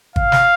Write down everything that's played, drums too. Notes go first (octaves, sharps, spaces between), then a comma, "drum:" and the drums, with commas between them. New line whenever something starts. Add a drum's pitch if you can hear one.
F5, drum: kick
drum: snare